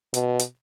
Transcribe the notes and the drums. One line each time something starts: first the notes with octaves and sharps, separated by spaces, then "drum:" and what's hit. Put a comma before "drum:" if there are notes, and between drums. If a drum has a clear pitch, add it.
B2, drum: hi-hat
drum: hi-hat